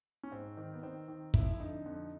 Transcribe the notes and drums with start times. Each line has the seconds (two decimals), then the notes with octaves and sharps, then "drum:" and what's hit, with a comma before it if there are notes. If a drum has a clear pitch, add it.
0.23 C#4
0.32 G#2 C4
0.57 D#3
0.74 B3
0.83 D#3 C4
1.08 D#3
1.34 F2 E4, drum: kick
1.54 E4
1.60 D3 D#4
1.86 F2